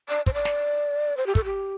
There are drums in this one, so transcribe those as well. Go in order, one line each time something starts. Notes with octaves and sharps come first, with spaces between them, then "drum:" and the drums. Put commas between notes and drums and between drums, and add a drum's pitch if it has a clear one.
D5
C5, drum: kick
D5
drum: snare
C5
G4
A4, drum: kick
G4